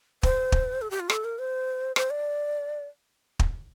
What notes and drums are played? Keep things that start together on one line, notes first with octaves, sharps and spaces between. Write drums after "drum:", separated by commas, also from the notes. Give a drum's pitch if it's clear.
C5, drum: kick
drum: kick
A4
G4
F4
A4, drum: rim click
A#4
C5
C5, drum: rim click
D5
drum: kick